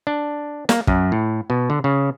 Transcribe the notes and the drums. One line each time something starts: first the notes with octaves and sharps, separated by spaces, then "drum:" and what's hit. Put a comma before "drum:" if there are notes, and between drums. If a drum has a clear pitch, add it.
D4
A#3, drum: snare
F#2, drum: kick
A2
B2
D3
C#3